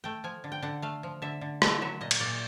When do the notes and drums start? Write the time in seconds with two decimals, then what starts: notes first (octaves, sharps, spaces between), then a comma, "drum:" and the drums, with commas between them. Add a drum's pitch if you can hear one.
0.04 A3 G5
0.24 F3 G#5
0.44 D3
0.52 G5
0.62 D3 F#5
0.82 A3 F5
1.03 F3
1.22 D3 E5
1.41 D3
1.62 A3 F#5, drum: rim click
1.82 F#3 E5
2.01 A#2 D#5
2.11 drum: cymbal
2.20 A#2 D5